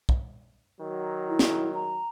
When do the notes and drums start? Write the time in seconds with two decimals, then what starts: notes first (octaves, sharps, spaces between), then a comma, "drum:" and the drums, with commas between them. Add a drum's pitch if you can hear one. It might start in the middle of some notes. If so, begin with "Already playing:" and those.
0.09 drum: kick
0.80 D#3 F#3
1.29 E4
1.39 drum: snare
1.75 A#5